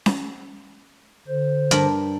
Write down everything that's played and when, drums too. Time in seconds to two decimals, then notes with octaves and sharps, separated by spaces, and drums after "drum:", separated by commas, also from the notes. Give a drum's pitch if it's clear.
0.06 drum: snare C#4
1.28 D3 C5
1.71 G2 A#4 B5, drum: hi-hat